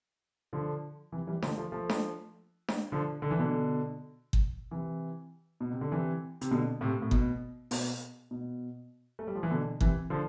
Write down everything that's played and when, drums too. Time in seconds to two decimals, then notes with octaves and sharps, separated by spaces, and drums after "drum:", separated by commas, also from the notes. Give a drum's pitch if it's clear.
0.53 D3 F3
1.12 C3 E3
1.27 E3 G3
1.42 D3 F3, drum: snare D4
1.57 F3 A3
1.72 F3 A3
1.89 drum: snare D4
2.68 drum: snare D4
2.92 D3 F3
3.22 D3
3.30 E3
3.39 B2 D3
4.33 drum: kick G1
4.71 C3 E3
5.60 B2
5.71 C3
5.81 D3
5.92 C3 E3
6.41 C3, drum: hi-hat
6.51 B2 D3
6.81 A2 C3
7.02 A2
7.11 B2, drum: kick G1
7.71 B2, drum: open hi-hat
8.31 B2
9.19 A3
9.27 G3
9.35 F3
9.43 E3
9.51 B2 D3
9.81 C3 E3, drum: kick G1
10.10 D3 F3